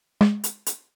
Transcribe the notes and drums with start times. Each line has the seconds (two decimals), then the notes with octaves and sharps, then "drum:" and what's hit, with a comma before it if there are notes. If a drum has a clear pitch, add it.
0.21 G#3, drum: rim click
0.44 drum: hi-hat
0.66 drum: hi-hat